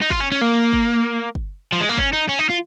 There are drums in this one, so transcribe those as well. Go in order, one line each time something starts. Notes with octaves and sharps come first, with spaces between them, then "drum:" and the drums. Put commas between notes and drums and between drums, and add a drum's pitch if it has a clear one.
D#4
F4, drum: kick
C#4
C#4
A#3
drum: kick
drum: kick
F3
G#3
A#3
C#4, drum: kick
D#4
C#4
D#4
F4